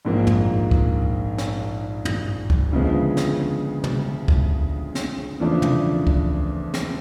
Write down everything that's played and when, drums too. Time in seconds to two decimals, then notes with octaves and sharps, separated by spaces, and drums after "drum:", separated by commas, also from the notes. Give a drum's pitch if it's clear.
0.05 A#1 G#2 F3 A#3
0.27 drum: tom F#2
0.71 drum: kick
1.38 drum: snare
2.05 drum: tom
2.50 drum: kick
2.72 D2 C#3 F3 G#3 B3
3.17 drum: snare
3.84 drum: tom
4.28 drum: kick
4.95 drum: snare
5.40 E2 C#3 F3 A3 D4
5.62 drum: tom
6.07 drum: kick
6.74 drum: snare